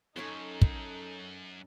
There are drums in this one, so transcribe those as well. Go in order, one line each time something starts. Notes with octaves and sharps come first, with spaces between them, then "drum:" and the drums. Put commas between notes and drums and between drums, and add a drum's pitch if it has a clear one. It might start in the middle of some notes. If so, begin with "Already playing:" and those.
F#2 C#4 D#4 A4 C#5 C6
drum: kick